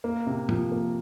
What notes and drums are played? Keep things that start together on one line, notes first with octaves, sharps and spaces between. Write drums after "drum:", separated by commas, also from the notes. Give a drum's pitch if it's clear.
A#3
C3
F3, drum: tom G#2
A#3